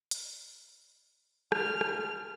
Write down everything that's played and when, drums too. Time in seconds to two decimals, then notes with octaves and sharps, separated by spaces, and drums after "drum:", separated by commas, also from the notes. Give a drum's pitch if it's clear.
0.11 drum: hi-hat
1.52 F6, drum: rim click
1.81 drum: rim click